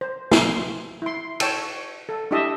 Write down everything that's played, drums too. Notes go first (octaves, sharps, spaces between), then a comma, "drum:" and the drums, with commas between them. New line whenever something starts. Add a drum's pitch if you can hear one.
C5
C6, drum: snare
E4 C6
C#5 G5 A5 E6, drum: cymbal
A4
D4 E4 G4 D#5 E5 A5